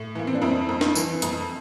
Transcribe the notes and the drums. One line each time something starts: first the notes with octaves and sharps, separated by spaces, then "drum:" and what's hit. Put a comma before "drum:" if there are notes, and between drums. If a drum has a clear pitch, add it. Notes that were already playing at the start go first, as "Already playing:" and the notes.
Already playing: A2
E3 A#3
C4
D4
F2 C4 E4
F2
drum: snare
E3, drum: tambourine
F2, drum: hi-hat